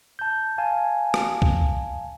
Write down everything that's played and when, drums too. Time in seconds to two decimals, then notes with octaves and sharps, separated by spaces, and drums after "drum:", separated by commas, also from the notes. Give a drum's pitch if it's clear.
0.19 A5 G6
0.58 F5 G#5 A5
1.14 drum: rim click
1.42 drum: kick